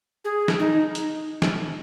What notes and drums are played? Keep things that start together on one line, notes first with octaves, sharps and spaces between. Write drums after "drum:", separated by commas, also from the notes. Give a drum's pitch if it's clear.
G#4
drum: snare
D#4
drum: hi-hat
drum: snare